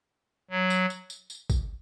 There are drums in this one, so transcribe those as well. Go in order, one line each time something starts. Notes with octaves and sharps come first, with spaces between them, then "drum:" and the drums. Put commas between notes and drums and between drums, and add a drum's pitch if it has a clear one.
F#3
drum: tambourine
drum: tambourine
drum: tambourine
drum: tambourine
drum: kick, tambourine